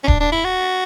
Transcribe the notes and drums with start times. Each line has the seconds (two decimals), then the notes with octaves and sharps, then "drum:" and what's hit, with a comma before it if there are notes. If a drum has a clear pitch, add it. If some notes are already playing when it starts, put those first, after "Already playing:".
0.04 C#4
0.08 D4, drum: kick D1
0.20 D4
0.32 E4
0.45 F#4